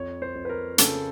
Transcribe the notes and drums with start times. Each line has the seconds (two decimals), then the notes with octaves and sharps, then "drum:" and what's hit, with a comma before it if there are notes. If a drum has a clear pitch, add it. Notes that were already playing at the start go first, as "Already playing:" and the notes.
Already playing: F2 C#5
0.22 C5
0.35 F2
0.45 B4
0.49 A#4
0.78 C#3 A4, drum: hi-hat